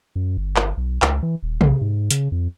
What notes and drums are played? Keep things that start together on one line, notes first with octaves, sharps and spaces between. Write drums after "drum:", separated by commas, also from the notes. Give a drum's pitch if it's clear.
F#2
G1
drum: clap
B1
C#2, drum: clap
E3
D#1
B1, drum: tom C3
G#2
C#3, drum: hi-hat
F2